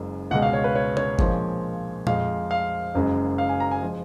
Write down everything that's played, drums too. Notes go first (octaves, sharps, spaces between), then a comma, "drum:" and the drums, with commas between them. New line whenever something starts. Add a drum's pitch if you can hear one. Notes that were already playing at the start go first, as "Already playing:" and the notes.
Already playing: F#1 F#2 C#3 G#3
C#2 B2 G#3 F#5
F5
C#5
B4
C#5
C#5, drum: tom B2
A#1 A#2 F3 G#3, drum: kick G1
F2 F3 G#3 F5, drum: tom A#2
F5
F#1 F#2 C#3 G#3
F5
G#5
A#5
G#5
F3 G#3